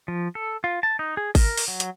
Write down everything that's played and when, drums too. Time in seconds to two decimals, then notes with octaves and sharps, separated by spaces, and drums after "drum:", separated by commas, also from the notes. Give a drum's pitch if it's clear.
0.08 F3
0.35 A4
0.64 F4
0.83 A5
0.99 D#4
1.17 G#4
1.35 A#4, drum: kick G#1, open hi-hat
1.57 drum: open hi-hat
1.68 F#3
1.80 drum: hi-hat